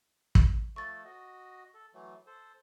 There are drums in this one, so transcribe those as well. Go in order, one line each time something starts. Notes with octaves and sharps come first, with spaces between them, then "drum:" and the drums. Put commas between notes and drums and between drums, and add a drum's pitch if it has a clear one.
drum: kick
F3 A3 A4 C#6 A6
F#4 D#5
A4
E3 F#3 A3
A4 C5